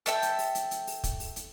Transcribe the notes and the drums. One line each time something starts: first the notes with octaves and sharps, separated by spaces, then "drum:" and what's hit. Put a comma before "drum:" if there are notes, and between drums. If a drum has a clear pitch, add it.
A4 E5 G5, drum: hi-hat
drum: hi-hat
drum: open hi-hat
drum: hi-hat
drum: hi-hat
drum: open hi-hat
drum: kick, hi-hat
drum: open hi-hat
drum: hi-hat